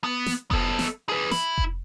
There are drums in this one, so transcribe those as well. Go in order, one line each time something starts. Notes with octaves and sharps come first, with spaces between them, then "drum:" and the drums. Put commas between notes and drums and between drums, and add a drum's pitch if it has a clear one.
B3
drum: snare
B3 A4, drum: kick F1
drum: snare
G#4 B4
E4, drum: snare
drum: kick F1